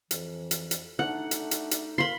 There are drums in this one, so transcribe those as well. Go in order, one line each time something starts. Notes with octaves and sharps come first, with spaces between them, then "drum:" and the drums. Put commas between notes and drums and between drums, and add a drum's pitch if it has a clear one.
F2 E3, drum: hi-hat
drum: hi-hat
drum: hi-hat
A3 D4 D#4 F#5
drum: hi-hat
drum: hi-hat
drum: hi-hat
A#4 F5 B5 C6